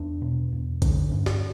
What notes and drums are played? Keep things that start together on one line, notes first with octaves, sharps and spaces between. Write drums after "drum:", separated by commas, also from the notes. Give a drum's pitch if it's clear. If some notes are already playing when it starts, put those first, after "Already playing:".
Already playing: E2 D4
B2
E2
D3 C#4, drum: kick, hi-hat
G2 C#4
drum: snare